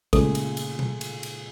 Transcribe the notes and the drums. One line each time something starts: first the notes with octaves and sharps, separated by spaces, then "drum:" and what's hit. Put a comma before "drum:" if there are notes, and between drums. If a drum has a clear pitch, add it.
C#2 A#2 G#3 A3 A4, drum: kick, cymbal
drum: cymbal
drum: cymbal
drum: tom B2
drum: cymbal
drum: cymbal